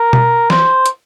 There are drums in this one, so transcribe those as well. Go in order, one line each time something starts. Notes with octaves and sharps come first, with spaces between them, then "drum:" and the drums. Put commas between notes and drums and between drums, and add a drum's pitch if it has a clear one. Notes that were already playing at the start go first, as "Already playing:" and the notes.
Already playing: A#4
drum: tom B2
C5, drum: snare
drum: hi-hat